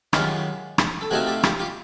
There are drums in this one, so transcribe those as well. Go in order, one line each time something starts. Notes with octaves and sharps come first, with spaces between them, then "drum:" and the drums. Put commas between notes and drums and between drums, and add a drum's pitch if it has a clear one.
F#2 D#3 G#3 F4 G4, drum: rim click
drum: rim click
A4
C3 F3 A3 C4 D#4 F#4 G#4
G4 A4
F4 G4, drum: rim click
F4 G4